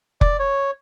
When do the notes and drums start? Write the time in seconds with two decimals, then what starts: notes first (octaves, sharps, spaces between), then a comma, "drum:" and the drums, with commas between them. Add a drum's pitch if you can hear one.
0.21 D5, drum: kick F1
0.39 C#5